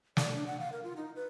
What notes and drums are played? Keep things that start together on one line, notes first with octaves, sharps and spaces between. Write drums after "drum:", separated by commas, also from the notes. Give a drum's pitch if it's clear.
D5, drum: snare
D4
F#5
F5
A#4
F4
D#4
B4